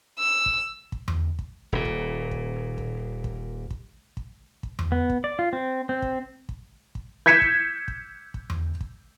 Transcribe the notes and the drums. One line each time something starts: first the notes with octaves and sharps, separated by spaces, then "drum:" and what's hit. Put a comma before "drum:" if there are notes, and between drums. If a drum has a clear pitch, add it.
E6
drum: kick
drum: kick
drum: tom E2
drum: kick
D#1 A#2
drum: kick
drum: kick
drum: kick
drum: kick
drum: kick
drum: kick
drum: kick
drum: tom E2
B3
drum: kick
D5
F4
C4
C4
drum: kick
drum: kick
drum: kick
G6 G#6 B6 C#7 E7
drum: kick
drum: kick
drum: kick
drum: tom E2
drum: kick